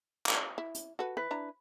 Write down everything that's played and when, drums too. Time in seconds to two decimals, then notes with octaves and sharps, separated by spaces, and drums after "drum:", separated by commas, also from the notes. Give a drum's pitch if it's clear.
0.26 drum: clap
0.58 E4
0.75 drum: hi-hat
0.99 F#4 A4 B4
1.17 E3 B4
1.31 D4 E4 A#5